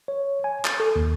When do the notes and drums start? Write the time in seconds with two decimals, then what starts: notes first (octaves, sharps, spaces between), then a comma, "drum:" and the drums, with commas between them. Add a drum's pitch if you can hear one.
0.08 C#5
0.44 G#5
0.65 A6, drum: clap
0.80 A4
0.96 D#2